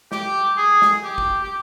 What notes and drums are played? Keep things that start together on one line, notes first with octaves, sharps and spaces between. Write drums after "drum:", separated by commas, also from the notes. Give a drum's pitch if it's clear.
G4, drum: snare
G#4
drum: snare
G4
drum: kick
G4